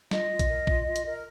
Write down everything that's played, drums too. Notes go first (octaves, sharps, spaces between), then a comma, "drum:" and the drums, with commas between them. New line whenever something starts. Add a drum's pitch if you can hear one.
F4 D#5, drum: snare
F4
drum: kick A#1, hi-hat
A#4
F4, drum: kick A#1
F4
drum: hi-hat
A#4